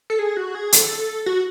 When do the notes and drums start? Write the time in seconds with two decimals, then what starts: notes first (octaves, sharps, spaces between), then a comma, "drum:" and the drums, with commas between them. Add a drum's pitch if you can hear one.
0.10 A4
0.19 G#4
0.37 F#4
0.55 G#4
0.72 A4, drum: hi-hat
1.26 F#4